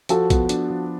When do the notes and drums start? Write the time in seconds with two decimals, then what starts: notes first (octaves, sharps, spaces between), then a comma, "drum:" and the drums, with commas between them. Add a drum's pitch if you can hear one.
0.09 F3 F#4 A4, drum: hi-hat
0.30 B3, drum: kick A#1, hi-hat
0.49 D4, drum: hi-hat
0.70 F3